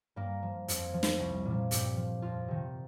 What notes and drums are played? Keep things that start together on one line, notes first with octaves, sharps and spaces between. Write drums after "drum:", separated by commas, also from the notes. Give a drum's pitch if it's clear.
G2 A#3
F3
F2, drum: hi-hat
F3
drum: snare
C2
A#2
F3
G2 G4, drum: hi-hat
F3
F2 F4
C3 D#3